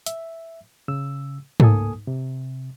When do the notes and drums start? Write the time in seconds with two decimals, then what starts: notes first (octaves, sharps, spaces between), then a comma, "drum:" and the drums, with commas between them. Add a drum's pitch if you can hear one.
0.06 E5, drum: hi-hat
0.88 C#3 E6
1.60 C#2 A2 A#3 A4 G#5 D#6, drum: tom G#2
2.07 C3